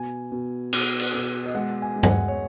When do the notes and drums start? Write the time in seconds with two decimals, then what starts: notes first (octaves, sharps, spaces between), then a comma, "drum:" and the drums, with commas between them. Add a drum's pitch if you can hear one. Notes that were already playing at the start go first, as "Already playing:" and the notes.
Already playing: B2 G#5
0.32 B2
0.73 B2, drum: cymbal
1.00 drum: cymbal
1.14 B2
1.46 D#5
1.55 G#3 F#5
1.82 G#5
1.96 G#3
2.03 G#5, drum: tom G2
2.10 F#5
2.28 C#5